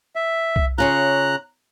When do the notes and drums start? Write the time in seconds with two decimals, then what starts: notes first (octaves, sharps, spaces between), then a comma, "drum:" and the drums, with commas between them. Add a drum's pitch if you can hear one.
0.16 E5
0.56 drum: kick C2
0.78 C#3 C#4 F4 A#5 F#6